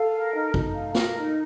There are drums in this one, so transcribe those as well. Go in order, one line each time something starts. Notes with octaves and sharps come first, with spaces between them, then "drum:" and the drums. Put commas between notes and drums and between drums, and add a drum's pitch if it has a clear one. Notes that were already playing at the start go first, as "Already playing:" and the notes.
Already playing: A4 F5
A#4
D#4
D#4, drum: kick G#1
F5
A#4, drum: snare
D#4